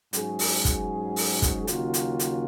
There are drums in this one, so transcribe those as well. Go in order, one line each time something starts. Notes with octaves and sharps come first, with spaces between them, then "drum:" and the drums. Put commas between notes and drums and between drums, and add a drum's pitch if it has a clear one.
G#2 F#3 C#4 G#4, drum: hi-hat
drum: open hi-hat
drum: kick, hi-hat
drum: open hi-hat
drum: kick, hi-hat
D#2 C#3 F#3 C#4 F4, drum: hi-hat
drum: hi-hat
drum: hi-hat